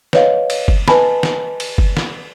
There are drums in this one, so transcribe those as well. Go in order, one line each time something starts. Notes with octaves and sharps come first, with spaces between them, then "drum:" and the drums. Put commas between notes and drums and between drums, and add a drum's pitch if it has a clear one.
B4 C#5 D#5 F5, drum: snare
drum: cymbal
drum: kick F#1
B4 D#5 G#5 A5 B5, drum: snare
drum: snare
drum: cymbal
drum: kick F#1
drum: snare